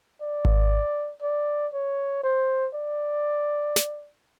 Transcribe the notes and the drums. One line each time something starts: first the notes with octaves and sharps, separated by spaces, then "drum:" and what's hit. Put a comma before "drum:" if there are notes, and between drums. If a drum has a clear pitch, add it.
D5
drum: kick G#1
D5
C#5
C5
D5
drum: snare